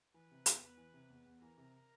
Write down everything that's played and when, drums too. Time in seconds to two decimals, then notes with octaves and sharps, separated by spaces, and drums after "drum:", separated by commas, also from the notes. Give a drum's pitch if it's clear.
0.14 E3 B4
0.31 C3
0.46 E2, drum: hi-hat
0.62 E2
0.77 E3
0.93 C3
1.09 E2
1.26 E2
1.42 E3 A#4
1.57 C3